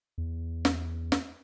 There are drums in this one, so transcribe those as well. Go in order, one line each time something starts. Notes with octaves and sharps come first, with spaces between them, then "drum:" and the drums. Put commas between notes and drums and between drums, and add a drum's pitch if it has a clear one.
E2
drum: snare
drum: snare